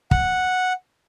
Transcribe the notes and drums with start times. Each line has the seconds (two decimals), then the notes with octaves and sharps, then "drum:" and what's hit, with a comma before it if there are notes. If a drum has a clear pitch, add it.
0.11 F#5, drum: kick